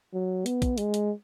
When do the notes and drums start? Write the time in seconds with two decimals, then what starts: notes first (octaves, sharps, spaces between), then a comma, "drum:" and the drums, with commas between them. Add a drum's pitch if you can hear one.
0.14 F#3
0.46 B3, drum: hi-hat
0.62 drum: kick, hi-hat
0.78 G#3, drum: hi-hat
0.94 drum: hi-hat